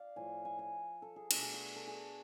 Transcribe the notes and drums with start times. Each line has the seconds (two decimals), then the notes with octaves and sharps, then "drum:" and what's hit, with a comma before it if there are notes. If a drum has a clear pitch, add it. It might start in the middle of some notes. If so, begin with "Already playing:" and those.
Already playing: D5 F5
0.16 A2 F3 A3 G#5
0.45 G#5
0.59 G#5
1.02 A4
1.16 G#4
1.31 B2 A3 D4 F#4, drum: cymbal
1.42 G#4
1.54 F#4
1.76 A4
1.87 G#4